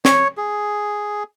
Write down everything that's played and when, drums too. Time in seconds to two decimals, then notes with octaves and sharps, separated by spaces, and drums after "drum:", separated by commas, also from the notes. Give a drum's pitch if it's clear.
0.05 C#5, drum: snare
0.37 G#4